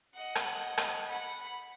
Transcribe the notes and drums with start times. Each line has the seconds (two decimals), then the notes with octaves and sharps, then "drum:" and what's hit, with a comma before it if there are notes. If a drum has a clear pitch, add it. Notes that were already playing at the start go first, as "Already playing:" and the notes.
0.14 D#5 F#5
0.35 drum: rim click
0.77 drum: rim click
1.06 F#5 B5